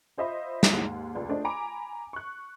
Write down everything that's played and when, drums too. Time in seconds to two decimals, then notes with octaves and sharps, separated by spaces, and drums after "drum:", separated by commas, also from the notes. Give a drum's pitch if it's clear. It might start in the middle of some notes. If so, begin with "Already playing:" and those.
0.18 F4 C5 D#5 E5 B5
0.63 drum: snare
0.73 D#2 G#2
1.15 F1 C#2 D5
1.29 A3 D4 C5 D#5
1.45 G#5 A#5 B5 D6 D7
2.13 C#6 F#6